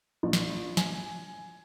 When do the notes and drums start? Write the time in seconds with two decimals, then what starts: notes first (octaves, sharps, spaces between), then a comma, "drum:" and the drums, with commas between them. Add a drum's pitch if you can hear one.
0.23 A#1
0.33 drum: snare
0.77 G#5, drum: snare